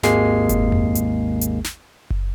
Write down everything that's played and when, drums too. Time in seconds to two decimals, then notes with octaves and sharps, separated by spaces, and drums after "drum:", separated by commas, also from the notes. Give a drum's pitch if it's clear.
0.03 G#1 D#2 G#3 A#3 G#4 C7, drum: snare
0.49 drum: kick F#1, hi-hat
0.72 drum: tom F2
0.95 drum: hi-hat
1.41 drum: hi-hat
1.64 drum: snare
2.10 drum: kick F#1